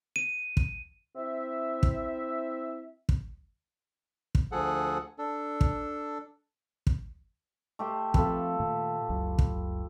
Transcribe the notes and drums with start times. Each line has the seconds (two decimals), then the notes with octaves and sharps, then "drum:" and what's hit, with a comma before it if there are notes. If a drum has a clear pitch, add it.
0.16 D#7
0.57 drum: kick
1.16 C4 E4 E5
1.83 drum: kick
3.09 drum: kick
4.35 drum: kick
4.52 D2 F3 G#4 A4 F#5
5.18 D4 A4
5.61 drum: kick
6.87 drum: kick
7.79 A3 G4 C5
8.14 F3 C4 F4 A4 B4, drum: kick
8.60 A#2 D#3 A3
9.09 F#1 C#2 F#3
9.39 drum: kick